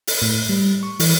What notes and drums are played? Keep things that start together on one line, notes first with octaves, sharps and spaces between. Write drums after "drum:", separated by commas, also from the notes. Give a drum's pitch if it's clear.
drum: open hi-hat
A2
G3
C#6
E3, drum: open hi-hat